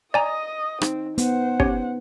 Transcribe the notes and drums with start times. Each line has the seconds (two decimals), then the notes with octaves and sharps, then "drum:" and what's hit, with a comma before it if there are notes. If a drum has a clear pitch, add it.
0.14 D5 D#5 G#5 A#5 D#6
0.82 C4 D#4, drum: rim click
1.18 B3 C5 F#5, drum: hi-hat
1.60 C#4 G4 C#5, drum: kick